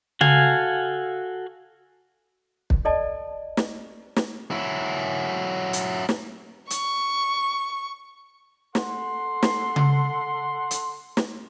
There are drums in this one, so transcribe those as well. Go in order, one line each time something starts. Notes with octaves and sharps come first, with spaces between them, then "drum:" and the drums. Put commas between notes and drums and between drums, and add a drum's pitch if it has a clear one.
F#4 A4 F5 G#5, drum: tom C#3
drum: kick
A4 D5 D#5 A5
drum: snare
drum: snare
F#3 E4
drum: hi-hat
drum: snare
C#6, drum: hi-hat
A4 F#5 C6, drum: snare
drum: snare
drum: tom C#3
drum: hi-hat
drum: snare